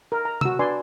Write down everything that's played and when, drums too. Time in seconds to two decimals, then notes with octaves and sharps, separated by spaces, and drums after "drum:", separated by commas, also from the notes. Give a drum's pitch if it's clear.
0.12 A#4
0.25 A#5
0.41 F#4 E6, drum: tom C3
0.59 D4 B4 D5 G#5 C6